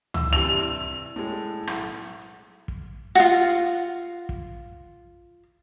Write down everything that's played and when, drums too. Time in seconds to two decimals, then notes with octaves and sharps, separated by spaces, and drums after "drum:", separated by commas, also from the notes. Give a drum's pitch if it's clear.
0.14 E6, drum: tom C#2
0.33 G2 C3 E3 F7
1.16 A2 G#3
1.67 B1, drum: rim click
2.68 drum: kick
3.15 F4 F#4
4.29 drum: kick